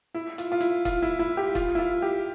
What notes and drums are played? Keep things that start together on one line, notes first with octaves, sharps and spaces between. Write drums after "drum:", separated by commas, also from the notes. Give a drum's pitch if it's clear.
E4
F4, drum: hi-hat
F4
E4, drum: hi-hat
F4, drum: kick, hi-hat
E4
E4
G4
F4, drum: kick, hi-hat
E4
F4
G4